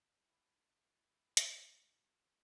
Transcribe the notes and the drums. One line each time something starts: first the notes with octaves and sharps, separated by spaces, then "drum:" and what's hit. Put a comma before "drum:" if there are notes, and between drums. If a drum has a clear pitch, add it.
E4
D#4
E4
drum: hi-hat
F4